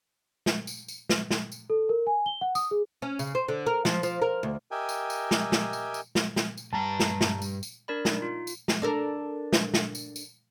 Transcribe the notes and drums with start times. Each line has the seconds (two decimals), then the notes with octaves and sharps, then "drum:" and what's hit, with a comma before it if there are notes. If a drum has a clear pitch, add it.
0.46 drum: snare
0.67 drum: tambourine
0.88 drum: tambourine
1.09 drum: snare
1.31 drum: snare
1.52 drum: tambourine
1.70 A4
1.89 A#4
2.07 G#5
2.26 G7
2.41 F#5
2.55 D#6, drum: tambourine
2.71 G#4
3.02 C#4
3.19 C#3, drum: tambourine
3.35 C5
3.48 D3
3.66 A#4
3.85 F3, drum: snare
4.03 F3, drum: tambourine
4.22 A#4
4.43 D2
4.71 G4 A#4 D#5 E5 G5 G#5
4.89 drum: tambourine
5.10 drum: tambourine
5.31 drum: snare
5.52 drum: snare
5.73 drum: tambourine
5.94 drum: tambourine
6.15 drum: snare
6.36 drum: snare
6.57 drum: tambourine
6.73 G2 G3 G5 A5 A#5
7.00 drum: snare
7.21 drum: snare
7.42 drum: tambourine
7.63 drum: tambourine
7.88 D4 A#4 D5 B5
8.05 D#4, drum: snare
8.22 F4
8.47 drum: tambourine
8.68 drum: snare
8.82 D4 A4 A#4
9.53 drum: snare
9.74 drum: snare
9.95 drum: tambourine
10.16 drum: tambourine